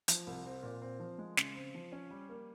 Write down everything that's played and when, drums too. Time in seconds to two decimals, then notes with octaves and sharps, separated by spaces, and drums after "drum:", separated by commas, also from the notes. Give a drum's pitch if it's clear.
0.08 F3, drum: hi-hat
0.27 C2
0.45 C4
0.63 A#2
0.82 C4
1.00 F3
1.18 G#3
1.37 C#3, drum: snare
1.55 C4
1.75 F3
1.92 C#4
2.11 G3
2.29 A#3